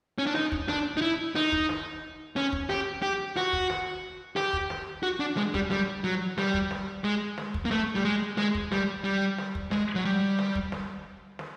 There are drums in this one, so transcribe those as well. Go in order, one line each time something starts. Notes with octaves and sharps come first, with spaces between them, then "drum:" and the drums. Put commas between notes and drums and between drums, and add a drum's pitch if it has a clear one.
C#4
D4
D#4, drum: snare
drum: kick
D4, drum: snare
D#4
E4
D#4, drum: snare
drum: kick
drum: snare
C#4, drum: snare
drum: kick
G4, drum: snare
G4
F#4, drum: snare
drum: kick
drum: snare
G4, drum: snare
drum: kick
drum: snare
F#4
D4
G#3, drum: snare
G3, drum: kick
G3, drum: snare
F#3
G3, drum: snare
drum: kick
drum: snare
G#3
drum: snare
drum: kick
A#3
A3, drum: snare
G3
G#3
G#3, drum: snare
drum: kick
G3, drum: snare
G3
drum: snare
drum: kick
G#3, drum: snare
F#3
G3
drum: snare
drum: kick
drum: snare
drum: snare